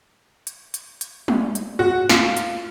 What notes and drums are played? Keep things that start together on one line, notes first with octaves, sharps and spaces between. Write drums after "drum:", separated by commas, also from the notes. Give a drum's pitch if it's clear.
drum: hi-hat
drum: hi-hat
drum: hi-hat
drum: tom G3
drum: hi-hat
F#4
F4, drum: snare
drum: hi-hat